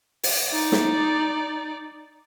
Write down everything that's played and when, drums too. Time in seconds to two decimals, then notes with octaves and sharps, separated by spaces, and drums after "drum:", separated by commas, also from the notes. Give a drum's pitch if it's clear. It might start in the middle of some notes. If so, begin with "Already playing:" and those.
0.23 drum: open hi-hat
0.50 D#4 D5
0.72 drum: snare